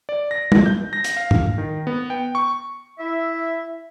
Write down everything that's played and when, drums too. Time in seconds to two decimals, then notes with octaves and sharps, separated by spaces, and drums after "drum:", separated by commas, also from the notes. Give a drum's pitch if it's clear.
0.09 D5
0.31 A#6
0.52 drum: tom
0.66 G6
0.93 A#6
1.04 drum: hi-hat
1.17 F5
1.31 drum: tom
1.58 D#3
1.87 B3
2.10 G5
2.35 C#6
2.98 E4 E5